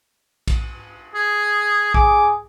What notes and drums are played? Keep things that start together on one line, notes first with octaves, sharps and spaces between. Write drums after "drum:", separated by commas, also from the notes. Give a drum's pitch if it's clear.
drum: kick A#1, cymbal
G#4
G#4 D6, drum: kick A#1